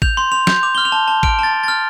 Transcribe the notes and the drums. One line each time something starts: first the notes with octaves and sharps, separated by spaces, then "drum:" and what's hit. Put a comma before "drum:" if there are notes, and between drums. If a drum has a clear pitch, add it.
G6 F7, drum: kick
C6
C6 F7
G6, drum: snare
D6 F7
F6 G7
F7
A5
A5
F6 D7, drum: kick
A5 A6
A5
F6 A6